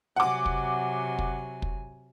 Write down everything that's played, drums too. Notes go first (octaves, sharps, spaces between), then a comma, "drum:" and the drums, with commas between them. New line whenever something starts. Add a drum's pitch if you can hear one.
C3 F#3 F#5 G#5 D6
drum: kick
drum: kick
drum: kick